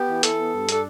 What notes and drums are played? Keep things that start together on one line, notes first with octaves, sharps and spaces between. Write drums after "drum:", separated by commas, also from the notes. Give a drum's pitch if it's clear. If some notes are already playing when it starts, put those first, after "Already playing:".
Already playing: B3 G4
E3
E3 A4, drum: hi-hat
B3
G2
D4 A4, drum: hi-hat